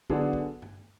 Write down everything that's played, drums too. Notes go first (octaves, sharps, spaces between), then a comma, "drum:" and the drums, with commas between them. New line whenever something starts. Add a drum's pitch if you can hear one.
D3 F#3 B3 D4 G#4, drum: kick
drum: kick
drum: tom G2